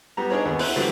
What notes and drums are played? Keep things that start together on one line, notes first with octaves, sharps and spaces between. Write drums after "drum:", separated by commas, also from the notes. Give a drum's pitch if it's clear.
G3 B3 A#5
D4 D#4 G#4 A#4 B4 C#5
D#2 B3 C#4
E4 C5 F#5 F#6, drum: open hi-hat
D3 E3 F#3 G3 A3 C4